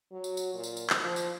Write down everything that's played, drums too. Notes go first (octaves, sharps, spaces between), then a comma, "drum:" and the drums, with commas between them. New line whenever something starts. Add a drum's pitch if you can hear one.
F#3
drum: tambourine
drum: tambourine
A#2
drum: tambourine
drum: tambourine
drum: clap
F3
drum: tambourine